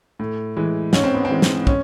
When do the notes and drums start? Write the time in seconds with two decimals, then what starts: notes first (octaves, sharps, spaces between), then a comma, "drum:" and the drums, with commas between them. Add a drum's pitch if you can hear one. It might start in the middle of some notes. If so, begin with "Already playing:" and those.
0.19 A2
0.57 E3 G#3
0.93 G#2 C#4, drum: snare
1.04 C4
1.14 B3
1.25 C4
1.30 E3 G#3
1.42 drum: snare
1.67 C#4, drum: kick